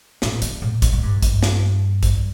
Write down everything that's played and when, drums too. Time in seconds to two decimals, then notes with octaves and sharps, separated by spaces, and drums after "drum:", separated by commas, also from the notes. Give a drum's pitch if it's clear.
0.22 A2, drum: snare
0.42 D3, drum: hi-hat
0.62 A2
0.82 G2, drum: kick A#1, hi-hat
0.93 A2
1.03 G2
1.23 G2, drum: kick A#1, hi-hat
1.43 drum: snare
2.03 drum: kick A#1, hi-hat